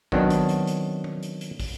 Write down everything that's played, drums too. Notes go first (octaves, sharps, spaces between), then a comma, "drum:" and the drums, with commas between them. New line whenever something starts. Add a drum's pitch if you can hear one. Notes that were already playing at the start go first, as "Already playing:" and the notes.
D#3 F#3 B3 C4 D4, drum: kick
drum: hi-hat
drum: hi-hat
drum: hi-hat
drum: tom
drum: hi-hat
drum: hi-hat
drum: kick, open hi-hat